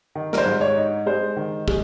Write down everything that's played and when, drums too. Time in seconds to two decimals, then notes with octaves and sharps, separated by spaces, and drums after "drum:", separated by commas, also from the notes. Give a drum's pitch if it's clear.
0.15 D#3
0.33 A#4, drum: snare
0.38 C5
0.46 G#2
0.61 C#5
0.76 D#4
1.06 G#3 C5
1.37 D#3
1.68 G#3, drum: kick